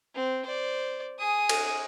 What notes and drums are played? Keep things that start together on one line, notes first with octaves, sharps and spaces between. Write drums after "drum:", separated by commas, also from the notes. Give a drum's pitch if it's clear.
C4
C5 D5
G#4 D#6
drum: cymbal